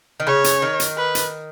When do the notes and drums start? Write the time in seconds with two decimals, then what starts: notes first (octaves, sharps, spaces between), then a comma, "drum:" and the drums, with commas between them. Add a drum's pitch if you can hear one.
0.20 D#3
0.27 C#3 C#5
0.44 drum: hi-hat
0.62 D#3
0.80 drum: hi-hat
0.97 B4
1.15 drum: hi-hat